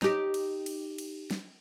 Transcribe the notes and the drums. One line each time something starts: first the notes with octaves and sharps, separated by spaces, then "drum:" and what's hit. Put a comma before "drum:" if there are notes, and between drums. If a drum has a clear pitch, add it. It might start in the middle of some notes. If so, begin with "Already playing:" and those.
D#4 G4, drum: snare
drum: cymbal
drum: cymbal
drum: cymbal
drum: snare